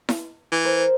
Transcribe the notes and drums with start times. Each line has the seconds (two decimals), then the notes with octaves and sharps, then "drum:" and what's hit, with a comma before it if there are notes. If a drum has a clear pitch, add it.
0.09 drum: snare E4
0.52 E3
0.64 A#4 C5